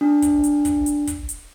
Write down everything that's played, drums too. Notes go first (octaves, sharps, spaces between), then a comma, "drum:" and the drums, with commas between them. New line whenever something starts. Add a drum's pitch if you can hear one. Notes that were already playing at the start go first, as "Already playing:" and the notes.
D4
drum: kick, hi-hat
drum: hi-hat
drum: kick, hi-hat
drum: hi-hat
drum: kick, hi-hat
drum: hi-hat